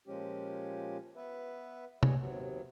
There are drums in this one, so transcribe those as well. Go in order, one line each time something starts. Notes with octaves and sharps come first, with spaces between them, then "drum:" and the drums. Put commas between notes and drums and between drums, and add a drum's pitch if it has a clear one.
A#2 F3 G#3 C#4 G4
B3 B4 E5
G3 B3 G#4 C#5 D#5, drum: tom C3
D#2 C3 F#3 B3